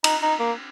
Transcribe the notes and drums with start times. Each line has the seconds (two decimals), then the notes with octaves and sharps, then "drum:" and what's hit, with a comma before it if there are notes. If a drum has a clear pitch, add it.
0.04 D#4, drum: cymbal
0.22 D#4
0.39 A#3